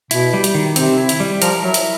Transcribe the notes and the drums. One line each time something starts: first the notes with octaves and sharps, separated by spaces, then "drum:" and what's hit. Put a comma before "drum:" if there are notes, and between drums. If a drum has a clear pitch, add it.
B2 E4, drum: hi-hat
G3
drum: hi-hat
D#3
C3 C4, drum: hi-hat
E4
drum: hi-hat
G3
F3 A#4, drum: hi-hat
F#3 E4
drum: hi-hat